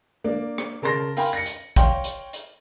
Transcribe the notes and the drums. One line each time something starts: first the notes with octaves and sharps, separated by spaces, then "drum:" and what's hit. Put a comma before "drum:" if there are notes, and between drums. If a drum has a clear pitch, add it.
A#3 D4
drum: rim click
C#3 A#4 A5 C6 A#6
A#4 F5 G5 G#5 B5 C6, drum: open hi-hat
A#6 C#7
drum: hi-hat
C#5 F5 G5 C6, drum: kick, hi-hat
drum: hi-hat
drum: hi-hat